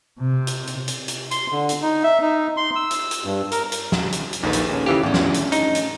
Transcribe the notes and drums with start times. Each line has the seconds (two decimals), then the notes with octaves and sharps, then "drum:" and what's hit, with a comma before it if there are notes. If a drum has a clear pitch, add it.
0.19 C3
0.47 drum: hi-hat
0.67 drum: hi-hat
0.88 drum: hi-hat
1.08 drum: hi-hat
1.31 C6, drum: hi-hat
1.52 D3
1.69 drum: hi-hat
1.82 D#4
2.03 E5
2.22 D#4
2.57 C6
2.76 E6
2.91 drum: hi-hat
3.11 drum: hi-hat
3.24 G2
3.52 A#4, drum: hi-hat
3.72 drum: hi-hat
3.92 drum: snare
4.12 drum: hi-hat
4.33 drum: hi-hat
4.43 A#1 D#2 D#3 G#4 A4 B4
4.53 drum: hi-hat
4.69 D#2 C#4
4.86 C#3 E3 G4 F5
5.03 E2 A2 C#4 D4
5.14 drum: snare
5.34 drum: hi-hat
5.52 D#4, drum: hi-hat
5.75 drum: hi-hat